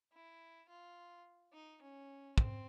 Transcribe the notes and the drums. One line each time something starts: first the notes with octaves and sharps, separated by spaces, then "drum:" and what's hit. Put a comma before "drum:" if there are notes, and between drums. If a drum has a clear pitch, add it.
E4
F4
D#4
C#4
C4, drum: kick